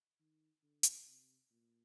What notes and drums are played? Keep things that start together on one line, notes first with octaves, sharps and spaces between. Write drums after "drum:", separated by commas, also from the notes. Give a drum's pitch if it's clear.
D#3
D3
drum: hi-hat
C3
A#2